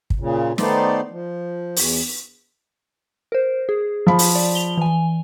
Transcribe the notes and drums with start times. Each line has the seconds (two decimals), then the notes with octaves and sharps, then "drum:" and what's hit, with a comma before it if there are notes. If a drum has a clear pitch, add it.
0.10 drum: kick
0.20 A#2 C#3
0.58 D#3 A3 B3 D#4 C5 D5, drum: snare
1.10 F3
1.76 E2, drum: open hi-hat
3.32 A#4 C5
3.69 G#4
4.07 F3 B5
4.19 drum: open hi-hat
4.35 D5
4.55 F7 G7
4.77 E3 G#5